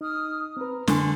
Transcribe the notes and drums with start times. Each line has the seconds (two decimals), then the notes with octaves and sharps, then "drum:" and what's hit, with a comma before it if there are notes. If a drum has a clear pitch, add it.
0.01 D#4 D#6 F6
0.57 C4 B4 A#5
0.88 D3 A#4 G#5 C6 C#6, drum: snare